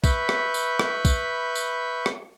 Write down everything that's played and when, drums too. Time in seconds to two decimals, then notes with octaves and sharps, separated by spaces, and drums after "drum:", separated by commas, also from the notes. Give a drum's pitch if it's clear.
0.04 B4 E5 B5 C#6 G6, drum: kick, tambourine
0.29 drum: rim click
0.54 drum: tambourine
0.79 drum: rim click
1.05 drum: kick, tambourine
1.55 drum: tambourine
2.06 drum: rim click